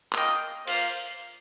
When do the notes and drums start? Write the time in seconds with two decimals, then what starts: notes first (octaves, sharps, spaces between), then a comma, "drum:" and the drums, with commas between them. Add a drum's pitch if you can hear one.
0.13 A#3 F4 A#4 D#5 G5, drum: clap
0.67 A#3 F4 C5 F5, drum: open hi-hat